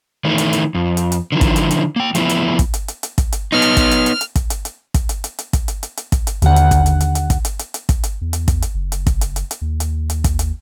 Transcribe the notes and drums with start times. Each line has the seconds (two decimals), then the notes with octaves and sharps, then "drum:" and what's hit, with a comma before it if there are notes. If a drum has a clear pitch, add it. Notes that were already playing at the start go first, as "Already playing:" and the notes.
0.25 D#3 E3 A3
0.38 drum: hi-hat
0.53 drum: hi-hat
0.75 F2
0.97 drum: hi-hat
1.12 drum: hi-hat
1.32 D3 D#3 F3 E4
1.41 drum: kick, hi-hat
1.56 drum: hi-hat
1.71 drum: hi-hat
1.96 A#3 G5
2.15 F3 A3 B3 C#4 E4, drum: hi-hat
2.29 drum: hi-hat
2.59 drum: kick, hi-hat
2.74 drum: hi-hat
2.88 drum: hi-hat
3.03 drum: hi-hat
3.18 drum: kick, hi-hat
3.32 drum: hi-hat
3.52 B3 D#4 F6
3.62 drum: hi-hat
3.77 drum: kick, hi-hat
3.91 drum: hi-hat
4.06 drum: hi-hat
4.21 drum: hi-hat
4.36 drum: kick, hi-hat
4.50 drum: hi-hat
4.65 drum: hi-hat
4.94 drum: kick, hi-hat
5.09 drum: hi-hat
5.24 drum: hi-hat
5.39 drum: hi-hat
5.53 drum: kick, hi-hat
5.68 drum: hi-hat
5.83 drum: hi-hat
5.97 drum: hi-hat
6.12 drum: kick, hi-hat
6.27 drum: hi-hat
6.42 D#2 D3 F#5, drum: hi-hat
6.56 drum: hi-hat
6.71 drum: kick, hi-hat
6.86 drum: hi-hat
7.00 drum: hi-hat
7.15 drum: hi-hat
7.30 drum: kick, hi-hat
7.45 drum: hi-hat
7.59 drum: hi-hat
7.74 drum: hi-hat
7.89 drum: kick, hi-hat
8.03 drum: hi-hat
8.21 E2
8.33 drum: hi-hat
8.48 drum: kick, hi-hat
8.62 drum: hi-hat
8.75 F#1
8.92 drum: hi-hat
9.07 drum: kick, hi-hat
9.21 drum: hi-hat
9.36 drum: hi-hat
9.51 drum: hi-hat
9.61 D#2
9.80 drum: hi-hat
10.10 drum: hi-hat
10.24 drum: kick, hi-hat
10.39 drum: hi-hat